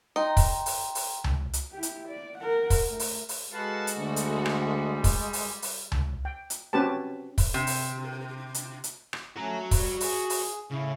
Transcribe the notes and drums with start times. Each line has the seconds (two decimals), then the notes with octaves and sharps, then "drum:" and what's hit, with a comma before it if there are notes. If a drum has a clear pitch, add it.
0.16 D#4 G5 A#5 C6
0.37 drum: kick, open hi-hat
0.66 drum: open hi-hat
0.95 drum: open hi-hat
1.24 drum: tom C#2
1.53 drum: hi-hat
1.73 E4 G4
1.83 drum: hi-hat
2.08 D5
2.39 A#4 F#5
2.70 drum: kick, open hi-hat
2.89 A3 A#4
3.00 drum: open hi-hat
3.29 drum: open hi-hat
3.51 G#3 F#4 A4 B4 F5 A5
3.87 drum: hi-hat
3.97 D2 G3
4.16 drum: hi-hat
4.46 drum: rim click
5.04 drum: kick, open hi-hat
5.33 drum: open hi-hat
5.62 drum: open hi-hat
5.92 drum: tom C#2
6.25 G5
6.50 drum: hi-hat
6.73 C4 C#4 F#4 G4 B4 A5
7.38 drum: kick, open hi-hat
7.54 C3
7.67 drum: open hi-hat
8.54 drum: hi-hat
8.84 drum: hi-hat
9.13 drum: rim click
9.37 A3 C#4 F#4 A#5
9.71 G3, drum: kick, open hi-hat
10.00 G#4, drum: open hi-hat
10.30 drum: open hi-hat
10.70 A2 C#3 E4